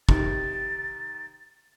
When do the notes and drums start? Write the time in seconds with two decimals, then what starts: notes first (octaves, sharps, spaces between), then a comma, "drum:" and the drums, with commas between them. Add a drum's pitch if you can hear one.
0.09 C3 D#3 A6, drum: kick